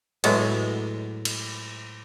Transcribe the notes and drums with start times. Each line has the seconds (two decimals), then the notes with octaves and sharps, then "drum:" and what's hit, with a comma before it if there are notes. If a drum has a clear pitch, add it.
0.24 A2 F#3 G#3 B3, drum: cymbal
1.25 drum: cymbal